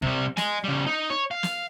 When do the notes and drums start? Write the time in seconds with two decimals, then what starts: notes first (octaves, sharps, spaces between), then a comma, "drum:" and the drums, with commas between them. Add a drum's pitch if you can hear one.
0.02 C3 G3, drum: kick
0.37 D#5 G#5, drum: snare
0.64 C#3 G3
0.86 D#4
1.10 C#5
1.31 F5
1.43 drum: snare